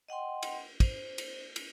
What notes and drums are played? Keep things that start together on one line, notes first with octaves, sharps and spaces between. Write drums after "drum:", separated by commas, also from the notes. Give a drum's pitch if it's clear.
D#5 F#5 G5 C6
drum: cymbal
C5, drum: kick, cymbal
drum: cymbal
drum: cymbal